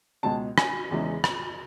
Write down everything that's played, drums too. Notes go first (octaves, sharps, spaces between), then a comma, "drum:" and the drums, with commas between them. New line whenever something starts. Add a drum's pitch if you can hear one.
C#2 B2 G#3 A5
G#5, drum: rim click
E2 C#3 E3 G#3
drum: rim click